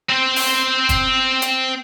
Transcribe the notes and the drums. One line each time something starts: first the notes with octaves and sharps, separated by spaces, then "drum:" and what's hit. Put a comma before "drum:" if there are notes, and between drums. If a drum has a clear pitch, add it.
C4 C5
drum: open hi-hat
drum: kick, hi-hat
drum: hi-hat